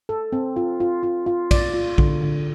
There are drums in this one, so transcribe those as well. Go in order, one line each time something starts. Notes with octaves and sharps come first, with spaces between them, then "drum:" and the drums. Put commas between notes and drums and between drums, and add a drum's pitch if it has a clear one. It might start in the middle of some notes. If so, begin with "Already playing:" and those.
A4
C4
F4
F4
F4
F4
D5, drum: kick A#1, cymbal
F4
D3, drum: kick A#1
D3